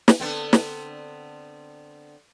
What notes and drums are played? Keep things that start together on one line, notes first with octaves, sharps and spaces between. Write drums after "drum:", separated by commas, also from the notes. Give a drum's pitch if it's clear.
drum: snare
D3 B3 C4
drum: snare